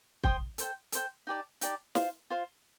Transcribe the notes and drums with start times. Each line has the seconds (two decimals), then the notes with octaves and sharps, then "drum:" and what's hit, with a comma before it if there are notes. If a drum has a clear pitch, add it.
0.24 C5 G5 C6 D#6, drum: kick
0.58 A4 C5 G5, drum: hi-hat
0.92 A4 C5 G5, drum: hi-hat
1.27 D#4 G4 D5 A5
1.61 D#4 G4 D5 A5, drum: hi-hat
1.95 F4 C5 F5, drum: snare
2.30 F4 C5 F5